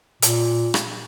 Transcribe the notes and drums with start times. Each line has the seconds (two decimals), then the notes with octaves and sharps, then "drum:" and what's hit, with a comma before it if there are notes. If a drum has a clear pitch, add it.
0.22 A#2, drum: hi-hat
0.74 drum: rim click